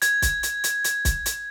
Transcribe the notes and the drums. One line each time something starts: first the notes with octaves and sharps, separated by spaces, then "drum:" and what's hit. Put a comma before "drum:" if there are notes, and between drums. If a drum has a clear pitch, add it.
G#6, drum: hi-hat
drum: kick, hi-hat
drum: hi-hat
drum: hi-hat
drum: hi-hat
drum: kick, hi-hat
drum: hi-hat